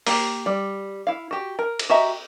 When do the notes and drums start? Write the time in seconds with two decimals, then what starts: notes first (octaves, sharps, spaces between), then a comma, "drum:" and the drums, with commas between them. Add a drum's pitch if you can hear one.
0.07 A#3 G4, drum: open hi-hat
0.46 G3
1.07 E4 F5
1.31 F#4 G4
1.59 A#4
1.79 drum: cymbal
1.90 F#4 G4 D#5 E5 A#5